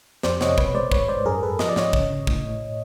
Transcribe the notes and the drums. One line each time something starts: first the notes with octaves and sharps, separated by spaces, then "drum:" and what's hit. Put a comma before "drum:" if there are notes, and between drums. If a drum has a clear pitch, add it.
F2 C5 D5, drum: snare
C3 C#5 D#5, drum: snare
B2 B4 C#5, drum: kick
G#3 C5 D5
G#2 B4 C#5, drum: kick
G#2 C5 D5
F#2 G#4 A#4
F#2 A4 B4
F3 D#5, drum: snare
D5
G#2 C#5 D#5, drum: snare
C#3, drum: kick
C#3
A2, drum: kick
A2